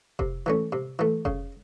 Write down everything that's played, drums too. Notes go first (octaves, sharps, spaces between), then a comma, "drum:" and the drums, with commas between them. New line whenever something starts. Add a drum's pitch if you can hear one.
C3, drum: kick F1
E3 A3 C#4
C3
E3 A3
C#3, drum: kick F1